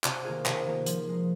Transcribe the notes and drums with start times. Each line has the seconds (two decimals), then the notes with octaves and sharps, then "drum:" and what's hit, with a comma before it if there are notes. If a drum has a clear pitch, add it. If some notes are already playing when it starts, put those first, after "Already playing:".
0.04 C3 F#4, drum: clap
0.25 D#3 A#3 F4 G#4
0.46 C3, drum: clap
0.67 D#3 A#3 F4
0.86 F3, drum: hi-hat
1.08 G#3 D#4